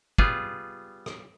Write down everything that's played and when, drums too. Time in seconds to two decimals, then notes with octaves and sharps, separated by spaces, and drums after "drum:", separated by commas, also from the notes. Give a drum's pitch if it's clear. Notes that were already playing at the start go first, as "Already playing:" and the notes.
0.18 G3 B3 F4 G#4, drum: kick
1.06 drum: rim click